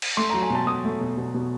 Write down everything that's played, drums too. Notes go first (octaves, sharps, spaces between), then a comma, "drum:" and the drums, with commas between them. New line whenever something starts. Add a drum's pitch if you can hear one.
drum: cymbal
A3 C6
F#3 A#5
G#5
B2 A5
B2 D#6
A3
B2
B2
B2